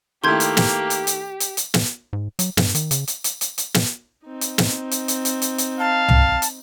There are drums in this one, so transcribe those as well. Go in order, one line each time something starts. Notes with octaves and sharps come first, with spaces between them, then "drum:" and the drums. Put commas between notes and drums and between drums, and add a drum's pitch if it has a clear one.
D#3 A3 A#3 E4 G4 C6 G6 G#6
drum: hi-hat
drum: snare
drum: hi-hat
drum: hi-hat
drum: hi-hat
drum: hi-hat
drum: snare
G#2
F#3, drum: hi-hat
G2, drum: snare
D#3, drum: hi-hat
C#3, drum: hi-hat
drum: hi-hat
drum: hi-hat
drum: hi-hat
drum: hi-hat
drum: snare
C4 D#4
drum: hi-hat
drum: snare
drum: hi-hat
drum: hi-hat
drum: hi-hat
drum: hi-hat
drum: hi-hat
F5 A5
drum: tom C2
drum: hi-hat